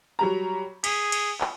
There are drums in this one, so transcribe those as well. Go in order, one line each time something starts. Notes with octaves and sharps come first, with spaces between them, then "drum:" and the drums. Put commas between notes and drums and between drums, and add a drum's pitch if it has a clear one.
F#3 G3 A#5
G#4 B6, drum: cymbal
drum: cymbal
drum: clap